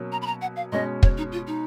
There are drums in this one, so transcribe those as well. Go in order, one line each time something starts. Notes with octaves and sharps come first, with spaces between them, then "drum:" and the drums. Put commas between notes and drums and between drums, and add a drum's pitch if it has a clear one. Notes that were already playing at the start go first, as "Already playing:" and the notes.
Already playing: B2 F#3 A#3 C#4
A#5
B5
A#5
F#5
F5
B2 G#3 C#4 D#5
C#5, drum: kick
D#4
F4
D#4